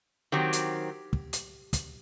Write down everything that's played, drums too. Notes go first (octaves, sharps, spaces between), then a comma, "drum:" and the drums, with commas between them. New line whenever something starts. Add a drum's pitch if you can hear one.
D#3 F#3 C4 G4
drum: hi-hat
drum: kick
drum: hi-hat
drum: kick, hi-hat